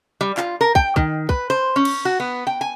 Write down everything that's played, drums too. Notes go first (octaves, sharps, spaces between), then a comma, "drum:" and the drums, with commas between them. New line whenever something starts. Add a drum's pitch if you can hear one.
G3
F4, drum: clap
A#4
G5, drum: kick
D#3, drum: kick
B4, drum: kick
C5
C#4
drum: cymbal
F#4
B3
G5
G#5